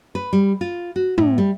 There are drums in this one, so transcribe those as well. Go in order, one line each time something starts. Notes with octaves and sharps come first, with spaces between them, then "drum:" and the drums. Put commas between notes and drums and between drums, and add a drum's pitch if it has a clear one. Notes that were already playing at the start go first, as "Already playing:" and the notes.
B4
G3
F4
F#4
A2, drum: tom
G3